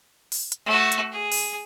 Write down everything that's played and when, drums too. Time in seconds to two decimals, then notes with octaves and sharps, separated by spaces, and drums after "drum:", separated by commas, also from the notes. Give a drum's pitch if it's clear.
0.32 drum: open hi-hat
0.52 drum: hi-hat
0.66 A3 F#4
0.92 drum: hi-hat
1.12 G#4
1.32 drum: open hi-hat